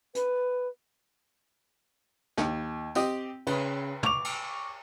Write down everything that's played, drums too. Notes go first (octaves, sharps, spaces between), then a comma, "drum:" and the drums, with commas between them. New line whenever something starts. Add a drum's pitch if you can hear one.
B4, drum: hi-hat
D#2, drum: snare
C4 G4 D#5, drum: tambourine
C#3 B4, drum: cymbal
C#6 D6 F7, drum: tom
drum: cymbal